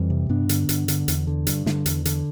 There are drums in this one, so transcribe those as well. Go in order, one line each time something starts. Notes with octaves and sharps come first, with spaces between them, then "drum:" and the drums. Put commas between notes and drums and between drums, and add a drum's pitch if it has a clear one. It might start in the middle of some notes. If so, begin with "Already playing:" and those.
Already playing: F2 E3 G3
C3
G2 B3 D4
D3, drum: hi-hat
G2, drum: hi-hat
D3, drum: hi-hat
E2, drum: hi-hat
D3
G2, drum: hi-hat
D3, drum: snare
E2, drum: hi-hat
D3, drum: hi-hat